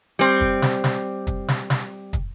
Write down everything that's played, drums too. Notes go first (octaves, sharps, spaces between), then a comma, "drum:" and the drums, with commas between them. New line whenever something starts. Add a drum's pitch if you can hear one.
G3 C4
drum: kick
drum: snare
drum: snare
drum: kick, hi-hat
drum: snare
drum: snare
drum: kick, hi-hat